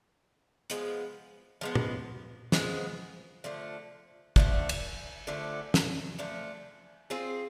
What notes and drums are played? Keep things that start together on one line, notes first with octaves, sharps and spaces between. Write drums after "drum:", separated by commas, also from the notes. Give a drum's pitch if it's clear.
F3 G#3 B3, drum: hi-hat
F3 G#3 B3
drum: tom
F3 G#3 B3, drum: snare
D3 F3 A3
D3 F3 A3, drum: kick
drum: cymbal
D3 F3 A3
drum: snare
D3 F3 A3
C4 F4 G#4